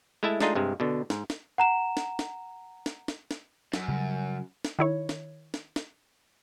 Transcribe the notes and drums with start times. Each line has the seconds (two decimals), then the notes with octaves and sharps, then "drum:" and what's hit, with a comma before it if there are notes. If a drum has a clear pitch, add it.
0.23 G#3 A3 E4 E5 A5
0.41 G#3 A3 D4 D#4 F4 G#4, drum: snare
0.55 G2 C3 G#3
0.80 B2 D3
1.10 G#2, drum: snare
1.30 drum: snare
1.58 F#5 A#5 E7
1.97 drum: snare
2.19 drum: snare
2.86 drum: snare
3.08 drum: snare
3.31 drum: snare
3.74 F#2, drum: snare
3.89 C#3 G3
4.65 drum: snare
4.79 D#3 E4 C#5
5.09 drum: snare
5.54 drum: snare
5.76 drum: snare